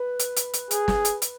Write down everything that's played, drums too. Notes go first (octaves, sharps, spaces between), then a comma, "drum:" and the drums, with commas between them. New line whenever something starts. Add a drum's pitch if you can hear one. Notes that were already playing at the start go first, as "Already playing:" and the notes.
Already playing: B4
drum: hi-hat
drum: hi-hat
drum: hi-hat
G#4, drum: hi-hat
drum: snare
drum: hi-hat
drum: hi-hat